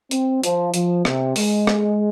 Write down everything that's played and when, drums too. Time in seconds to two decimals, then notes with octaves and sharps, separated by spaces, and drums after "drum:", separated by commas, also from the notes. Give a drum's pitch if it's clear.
0.11 C4, drum: hi-hat
0.43 F3, drum: hi-hat
0.74 F3, drum: hi-hat
1.05 C3, drum: rim click
1.36 G#3, drum: open hi-hat
1.67 drum: rim click